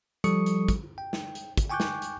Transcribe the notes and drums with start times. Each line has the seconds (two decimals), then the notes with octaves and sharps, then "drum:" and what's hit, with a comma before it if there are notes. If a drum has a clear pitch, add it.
0.24 F3 G3 A4 C#6 D#6 C#7, drum: hi-hat
0.46 drum: hi-hat
0.69 drum: kick, hi-hat
0.98 G5
1.13 drum: snare
1.35 drum: hi-hat
1.57 drum: kick, hi-hat
1.70 G5 G#5 C#6 D6 F#6 G6
1.80 drum: snare
2.02 drum: hi-hat